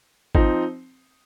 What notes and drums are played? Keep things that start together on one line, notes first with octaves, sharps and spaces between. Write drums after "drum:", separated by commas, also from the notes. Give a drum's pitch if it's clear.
F3 C4 D#4 C5, drum: kick G#1